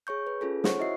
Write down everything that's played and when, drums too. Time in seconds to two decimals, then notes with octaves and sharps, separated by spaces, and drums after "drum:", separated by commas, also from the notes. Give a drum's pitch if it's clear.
0.07 G#4 C#5 C#6 G6
0.27 B4
0.41 C#4 F4 G#4 A4
0.64 C5 C#5 F#5 C#6, drum: snare
0.79 E4 F#4 D#5 E5 C7